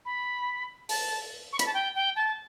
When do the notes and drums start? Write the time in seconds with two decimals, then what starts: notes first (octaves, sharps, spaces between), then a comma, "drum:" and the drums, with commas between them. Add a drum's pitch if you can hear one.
0.05 B5
0.89 A5, drum: open hi-hat
1.53 C#6
1.59 B5, drum: hi-hat
1.66 A5
1.74 G5
1.95 G5
2.16 A5